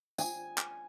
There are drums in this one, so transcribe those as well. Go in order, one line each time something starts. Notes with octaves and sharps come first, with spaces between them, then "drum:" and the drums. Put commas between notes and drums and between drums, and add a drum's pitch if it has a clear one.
G#5, drum: tambourine
drum: clap